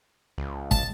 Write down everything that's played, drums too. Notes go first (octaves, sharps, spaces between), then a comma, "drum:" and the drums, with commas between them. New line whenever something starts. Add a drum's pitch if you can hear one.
C#2
A5, drum: kick